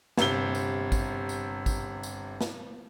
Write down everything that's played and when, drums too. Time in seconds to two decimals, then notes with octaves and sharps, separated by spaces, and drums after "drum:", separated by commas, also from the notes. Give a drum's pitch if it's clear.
0.18 G1 C3 G7, drum: snare
0.55 drum: tambourine
0.92 drum: kick, tambourine
1.29 drum: tambourine
1.66 drum: kick, tambourine
2.03 drum: tambourine
2.41 drum: snare